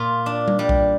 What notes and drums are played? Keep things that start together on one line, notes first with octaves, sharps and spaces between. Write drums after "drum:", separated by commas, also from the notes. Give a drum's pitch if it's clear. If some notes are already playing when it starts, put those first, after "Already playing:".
Already playing: A#2 F4
D4
drum: tom G3
G3
drum: kick B1